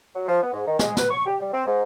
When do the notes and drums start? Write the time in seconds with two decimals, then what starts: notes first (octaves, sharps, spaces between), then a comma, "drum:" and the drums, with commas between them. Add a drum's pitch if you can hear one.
0.15 F#3
0.27 F3
0.41 B3
0.53 G#2
0.66 D#3
0.79 G#3, drum: snare
0.97 B4, drum: snare
1.11 C#6
1.26 G4
1.40 G3
1.52 C4
1.66 G#2